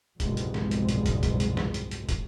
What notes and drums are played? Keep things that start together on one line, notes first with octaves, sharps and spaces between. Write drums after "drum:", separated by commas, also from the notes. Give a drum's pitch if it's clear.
F#1 C2 F2 G#2 B2 G#3, drum: kick, hi-hat
drum: hi-hat
drum: snare
drum: hi-hat
drum: hi-hat
drum: kick, hi-hat
drum: kick, hi-hat
drum: hi-hat
drum: snare
drum: hi-hat
drum: hi-hat
drum: kick, hi-hat